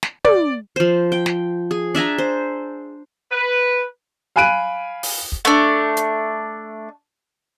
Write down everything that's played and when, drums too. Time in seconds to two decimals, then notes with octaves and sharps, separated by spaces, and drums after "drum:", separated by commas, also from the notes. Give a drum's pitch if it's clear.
0.03 drum: snare
0.25 D5, drum: tom
0.76 F3 C5
1.12 G5
1.26 drum: snare
1.71 G#4
1.95 D4 E5 G#5 A#5
2.18 C5
3.31 B4
4.36 F5 G#5 B5 F#6 D7 D#7
5.03 drum: open hi-hat
5.32 drum: kick
5.45 A3 D4
5.97 drum: hi-hat